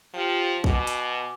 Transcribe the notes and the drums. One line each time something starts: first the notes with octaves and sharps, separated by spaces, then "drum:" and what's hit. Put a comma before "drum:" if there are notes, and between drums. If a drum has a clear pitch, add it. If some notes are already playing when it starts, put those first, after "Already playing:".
F3 F4 G4 G5
B2 G#5 D6, drum: kick A#1
drum: hi-hat